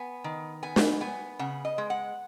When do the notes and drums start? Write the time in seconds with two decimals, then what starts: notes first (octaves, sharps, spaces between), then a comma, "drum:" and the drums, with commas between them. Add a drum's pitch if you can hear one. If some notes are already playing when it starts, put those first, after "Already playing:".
Already playing: B3 G#5
0.24 D#3
0.63 B3 G#5
0.76 drum: snare
1.01 B3 G#5
1.39 C#3 F#5
1.65 D#5
1.78 G#3
1.90 F#5